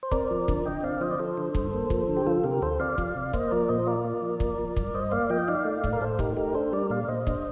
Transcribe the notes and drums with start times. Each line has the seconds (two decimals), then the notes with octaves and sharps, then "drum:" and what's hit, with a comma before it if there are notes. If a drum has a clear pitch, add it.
0.03 C5
0.11 C4 A#4 D5, drum: kick
0.31 F3
0.48 D3, drum: kick
0.65 D3 D#5 G5
0.83 C4 D5 F5
1.01 F3 C5 D#5
1.11 D5
1.19 F3 A4 C5
1.37 D3
1.55 G2, drum: kick
1.73 A#3
1.90 F3, drum: kick
2.08 D3
2.17 G4
2.26 F3 F4 A4
2.44 C3 G4 A#4
2.62 D2 A4 C5
2.79 C4 D5 F5
2.98 F3, drum: kick
3.16 C3
3.33 A#3 C5 D#5, drum: kick
3.51 F3 A#4 D5
3.69 A#2 C5 D#5
3.87 F4 A#4 D5
4.04 A#3
4.22 F3
4.40 A#3, drum: kick
4.58 F3
4.76 G2, drum: kick
4.94 G2 C5 D#5
5.11 A#3 D5 F5
5.30 F3 D#5 G5
5.48 D#4 D5 F5
5.65 A3
5.84 A2, drum: kick
5.93 A#4
6.01 A2 A4 C5
6.19 D#4 G4 A#4, drum: kick
6.37 A3 G4 A#4
6.54 D4 A4 C5
6.73 G3 A#4 D5
6.90 A#2 D5 F5
7.08 A#2 C5 D#5
7.27 D4, drum: kick